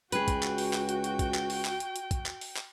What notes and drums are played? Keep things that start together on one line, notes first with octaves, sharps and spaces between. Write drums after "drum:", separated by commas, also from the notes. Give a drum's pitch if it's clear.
C#2 F#4 G#4 B4 G5, drum: hi-hat
drum: kick, hi-hat
drum: clap
drum: open hi-hat
drum: clap
drum: hi-hat
drum: hi-hat
drum: kick, hi-hat
drum: clap
drum: open hi-hat
drum: clap
drum: hi-hat
drum: hi-hat
drum: kick, hi-hat
drum: clap
drum: open hi-hat
drum: clap